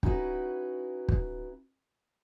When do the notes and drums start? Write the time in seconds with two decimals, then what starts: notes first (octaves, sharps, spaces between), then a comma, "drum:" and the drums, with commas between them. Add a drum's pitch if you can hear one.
0.03 C#4 D#4 E4 F#4 B4, drum: kick
1.08 drum: kick